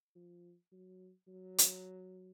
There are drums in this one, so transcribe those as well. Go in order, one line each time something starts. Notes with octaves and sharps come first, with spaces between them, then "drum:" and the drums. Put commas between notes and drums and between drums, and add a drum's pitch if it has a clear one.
F3
F#3
F#3
drum: hi-hat